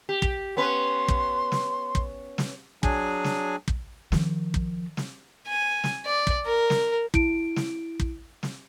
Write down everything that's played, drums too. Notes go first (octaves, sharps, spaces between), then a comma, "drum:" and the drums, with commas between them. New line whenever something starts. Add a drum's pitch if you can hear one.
G4
drum: kick
B3 C#4 B4 C6
drum: kick
drum: snare
drum: kick
drum: snare
F#3 D4 G#4 G#5, drum: kick
drum: snare
drum: kick
D#3 F3, drum: snare
drum: kick
drum: snare
G#5
drum: snare
D5
drum: kick
A#4
drum: snare
E4 D7, drum: kick
drum: snare
drum: kick
drum: snare